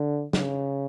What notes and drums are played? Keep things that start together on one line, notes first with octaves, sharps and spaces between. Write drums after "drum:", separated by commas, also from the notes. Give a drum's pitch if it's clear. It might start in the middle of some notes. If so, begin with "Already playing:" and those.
Already playing: D3
C#3, drum: snare